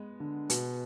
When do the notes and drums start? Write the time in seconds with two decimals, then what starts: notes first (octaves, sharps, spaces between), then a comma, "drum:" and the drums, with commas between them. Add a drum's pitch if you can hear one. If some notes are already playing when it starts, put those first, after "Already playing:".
Already playing: G#3 B3
0.20 D3
0.50 B2, drum: hi-hat